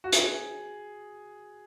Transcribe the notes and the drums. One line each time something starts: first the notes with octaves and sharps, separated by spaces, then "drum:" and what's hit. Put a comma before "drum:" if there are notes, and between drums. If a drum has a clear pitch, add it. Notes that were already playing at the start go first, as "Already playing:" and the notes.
F#4
G#4, drum: hi-hat